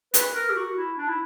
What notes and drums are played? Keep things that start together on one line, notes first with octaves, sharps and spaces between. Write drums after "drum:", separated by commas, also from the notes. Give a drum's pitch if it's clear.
B4, drum: hi-hat
A#4
G4
F#4
E4
D4
E4